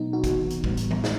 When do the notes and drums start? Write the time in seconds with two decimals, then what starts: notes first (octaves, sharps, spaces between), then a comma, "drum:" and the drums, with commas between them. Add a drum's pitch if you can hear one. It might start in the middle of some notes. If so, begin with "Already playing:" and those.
Already playing: B2 F#3 B3 D#4
0.13 D#4 F#4
0.24 C3 E3 B3, drum: kick, hi-hat
0.50 drum: hi-hat
0.64 A2 G3 B3, drum: kick
0.77 drum: hi-hat
0.91 drum: tom
1.04 D#4, drum: snare